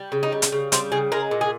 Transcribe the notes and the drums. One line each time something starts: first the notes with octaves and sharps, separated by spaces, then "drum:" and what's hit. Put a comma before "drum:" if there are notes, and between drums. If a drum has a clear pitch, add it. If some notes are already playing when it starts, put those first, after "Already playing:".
Already playing: G3
C#3
D#4
G3
drum: hi-hat
C#3
G3 C4, drum: hi-hat
C#3 G#4
G#3 A#4
A#2
G#4